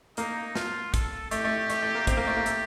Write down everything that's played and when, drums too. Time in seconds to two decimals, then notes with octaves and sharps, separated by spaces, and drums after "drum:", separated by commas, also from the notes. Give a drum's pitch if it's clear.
0.17 A#3 D#4, drum: hi-hat
0.56 F4, drum: snare
0.94 A4, drum: kick, hi-hat
1.31 A3 G4, drum: hi-hat
1.45 A3
1.70 A3, drum: hi-hat
1.82 A3
1.95 A#3
2.07 C4 G4, drum: kick, hi-hat
2.17 A#3
2.27 A3
2.37 A#3
2.46 A3, drum: hi-hat